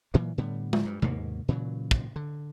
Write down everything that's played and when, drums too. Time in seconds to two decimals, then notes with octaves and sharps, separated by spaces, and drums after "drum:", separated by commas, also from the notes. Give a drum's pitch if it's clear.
0.14 A#2 E3 F#3 A#3
0.38 A2 D3 G3 B3
0.73 drum: tom G#3
0.85 G2
1.02 D#2 G#2 B2 A#3, drum: tom C3
1.48 A#2 C#3 E3 F#3
1.91 drum: kick
2.16 D3